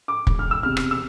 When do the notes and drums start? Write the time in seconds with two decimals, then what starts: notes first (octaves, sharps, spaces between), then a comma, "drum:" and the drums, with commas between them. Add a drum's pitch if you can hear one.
0.08 D6
0.27 E1, drum: kick
0.39 F6
0.51 E6
0.63 E2 C3 F6
0.77 drum: rim click
0.91 E6